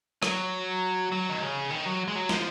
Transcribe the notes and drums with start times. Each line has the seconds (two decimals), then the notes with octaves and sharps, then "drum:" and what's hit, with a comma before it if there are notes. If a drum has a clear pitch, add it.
0.23 F#3, drum: rim click
1.12 F#3
1.29 D#3
1.41 C#3
1.70 D#3
1.86 F#3
2.08 G#3
2.16 F#3
2.29 F3, drum: snare